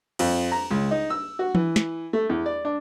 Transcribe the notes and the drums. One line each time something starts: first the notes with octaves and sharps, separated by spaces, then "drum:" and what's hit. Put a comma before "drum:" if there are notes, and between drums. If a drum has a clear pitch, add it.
F2, drum: cymbal
A#5
C#2
D#4
E6
F#4
E3, drum: tom E3
drum: snare
A3
E2
D5
D4